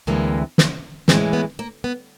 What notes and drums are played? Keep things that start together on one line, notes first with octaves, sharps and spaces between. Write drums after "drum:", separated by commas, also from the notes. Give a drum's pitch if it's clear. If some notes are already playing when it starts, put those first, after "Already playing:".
D2 C3 E3 G#3 A#3
drum: snare
A2 E3 G#3 C4, drum: snare
B3
A#3
B3